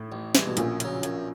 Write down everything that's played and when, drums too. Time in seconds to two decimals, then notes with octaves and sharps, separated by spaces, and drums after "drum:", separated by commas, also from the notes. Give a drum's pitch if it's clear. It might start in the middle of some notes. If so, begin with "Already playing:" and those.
Already playing: A2
0.12 A1
0.35 G2 E3 G#3, drum: snare
0.47 B2
0.57 A#1 F#2 A#2, drum: hi-hat
0.80 C#3 F#3, drum: hi-hat
1.03 F#2, drum: hi-hat